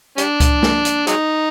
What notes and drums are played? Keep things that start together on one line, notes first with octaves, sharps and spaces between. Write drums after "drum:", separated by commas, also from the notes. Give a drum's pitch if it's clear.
G3 D4, drum: hi-hat
drum: kick C#2, hi-hat
drum: snare
drum: hi-hat
F#3 G#3 D#4, drum: hi-hat